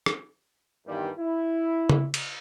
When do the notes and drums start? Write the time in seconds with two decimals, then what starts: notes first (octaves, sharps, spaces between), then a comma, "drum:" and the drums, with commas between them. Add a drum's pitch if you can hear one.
0.06 drum: rim click
0.87 E2 G2 D#3 G3
1.19 E4
1.89 drum: tom C#3
2.14 drum: cymbal